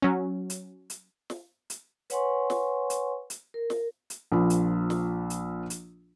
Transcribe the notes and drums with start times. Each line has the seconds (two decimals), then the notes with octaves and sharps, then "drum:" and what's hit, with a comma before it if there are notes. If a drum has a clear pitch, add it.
0.02 F#3 C#4
0.50 drum: hi-hat
0.90 drum: hi-hat
1.30 drum: snare
1.70 drum: hi-hat
2.10 B4 C#5 F#5 G#5 C6 C#6, drum: hi-hat
2.50 drum: snare
2.90 drum: hi-hat
3.30 drum: hi-hat
3.54 A#4
3.70 drum: snare
4.10 drum: hi-hat
4.32 A#1 F3 B5
4.50 drum: hi-hat
4.90 drum: snare
5.30 drum: hi-hat
5.70 drum: hi-hat